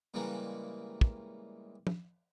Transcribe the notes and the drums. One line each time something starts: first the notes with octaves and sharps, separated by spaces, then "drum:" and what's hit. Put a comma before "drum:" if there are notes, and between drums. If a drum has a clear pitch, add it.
A#2 C#3 E3 G3 G#3 A#3
drum: kick
drum: tom